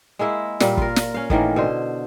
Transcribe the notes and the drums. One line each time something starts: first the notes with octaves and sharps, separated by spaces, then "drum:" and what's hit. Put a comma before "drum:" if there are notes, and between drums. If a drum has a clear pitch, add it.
G#3 A#3 E4 E5
A#2 G3 A#3, drum: snare
F4 A#4, drum: kick
drum: snare
C#4 F5
A2 D#3 E3 A#3, drum: kick
B2 D3 C5